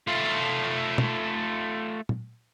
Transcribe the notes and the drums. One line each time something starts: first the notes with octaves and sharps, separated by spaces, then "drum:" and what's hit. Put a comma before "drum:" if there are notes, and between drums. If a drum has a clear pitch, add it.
A3 F4
drum: tom
drum: tom